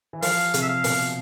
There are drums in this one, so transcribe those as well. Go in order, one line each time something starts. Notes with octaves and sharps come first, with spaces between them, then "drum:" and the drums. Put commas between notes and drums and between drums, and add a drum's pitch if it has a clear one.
E3
F3 F5, drum: open hi-hat
C3, drum: hi-hat
E5
F5
B2, drum: open hi-hat